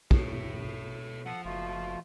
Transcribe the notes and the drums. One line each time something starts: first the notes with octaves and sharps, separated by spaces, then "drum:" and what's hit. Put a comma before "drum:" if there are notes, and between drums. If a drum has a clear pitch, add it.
B2 A4 C#5, drum: kick
F3 A4 F#5
F#1 B2 A3 F4